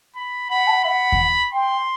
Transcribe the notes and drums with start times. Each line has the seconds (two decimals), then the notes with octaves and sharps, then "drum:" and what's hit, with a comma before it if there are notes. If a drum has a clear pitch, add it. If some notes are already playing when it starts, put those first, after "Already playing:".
0.16 B5
0.50 F#5 B5
0.67 A5
0.71 F#5
0.84 E5 F#5 B5
1.12 drum: kick D#2
1.53 G5 C6